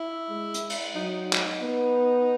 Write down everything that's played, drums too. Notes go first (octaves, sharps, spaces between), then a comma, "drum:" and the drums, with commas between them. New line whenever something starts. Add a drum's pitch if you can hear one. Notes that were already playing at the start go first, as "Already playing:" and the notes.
Already playing: E4
G#3
drum: hi-hat
drum: cymbal
F#3 D#4
drum: clap
B3